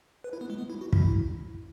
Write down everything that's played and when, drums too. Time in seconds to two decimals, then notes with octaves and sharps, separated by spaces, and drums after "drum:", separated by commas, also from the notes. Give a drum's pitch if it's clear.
0.24 B4
0.33 E4
0.41 B3
0.50 G#3
0.58 B3
0.70 E4
0.81 F#4
0.93 E4, drum: kick